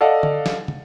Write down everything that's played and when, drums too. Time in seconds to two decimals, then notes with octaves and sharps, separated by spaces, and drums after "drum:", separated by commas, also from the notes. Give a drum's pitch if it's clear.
0.01 A4 D5 D#5 F5 F#5
0.23 drum: tom
0.46 drum: snare
0.68 drum: tom